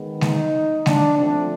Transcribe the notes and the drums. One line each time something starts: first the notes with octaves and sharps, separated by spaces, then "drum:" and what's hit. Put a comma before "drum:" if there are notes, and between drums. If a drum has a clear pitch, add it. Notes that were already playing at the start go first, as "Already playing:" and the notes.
Already playing: D#3 G#3 B3
D#4, drum: snare G#3
D4, drum: snare G#3
D3 F3 A3 C4 D4